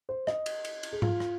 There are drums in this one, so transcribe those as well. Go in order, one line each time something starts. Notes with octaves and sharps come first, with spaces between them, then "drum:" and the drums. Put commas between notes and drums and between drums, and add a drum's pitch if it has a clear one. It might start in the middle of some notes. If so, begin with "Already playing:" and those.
C5
D#5, drum: rim click
drum: cymbal
drum: cymbal
drum: cymbal
G#4
F4, drum: tom G#2
drum: rim click